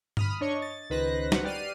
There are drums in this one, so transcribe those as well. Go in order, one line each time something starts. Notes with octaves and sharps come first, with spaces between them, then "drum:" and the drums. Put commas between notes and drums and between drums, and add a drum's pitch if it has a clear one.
B5 D#6 F6, drum: tom G2
D4 C#5 D#5 C#6
A6
C#2 D#3 B4 C5 F#6 A#6
F#4 B4 F#5, drum: snare
G4 D5 F6 C7 D#7